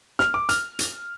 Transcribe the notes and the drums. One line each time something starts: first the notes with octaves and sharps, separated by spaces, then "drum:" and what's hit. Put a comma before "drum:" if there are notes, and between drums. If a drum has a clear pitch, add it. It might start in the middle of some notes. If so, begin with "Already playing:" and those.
F6, drum: snare
D6
F6, drum: hi-hat
drum: hi-hat